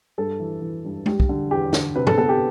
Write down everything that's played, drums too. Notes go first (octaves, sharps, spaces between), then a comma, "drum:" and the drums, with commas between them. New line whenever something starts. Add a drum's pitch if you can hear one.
G2 A4
E3
E3
G2
G3, drum: tom G#3
drum: kick
D3
E2 G4
D3, drum: snare
C3 B4
A4, drum: tom G#2
B3 A4
G4